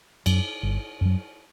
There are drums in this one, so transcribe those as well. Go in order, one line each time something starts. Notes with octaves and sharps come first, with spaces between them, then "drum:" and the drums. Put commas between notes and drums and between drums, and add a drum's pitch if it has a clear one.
F#2 F#3, drum: cymbal
G1
F#2 F#3